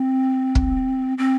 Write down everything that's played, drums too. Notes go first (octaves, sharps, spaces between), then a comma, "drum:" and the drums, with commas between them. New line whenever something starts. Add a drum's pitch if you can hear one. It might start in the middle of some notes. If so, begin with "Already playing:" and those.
Already playing: C4
drum: kick
C4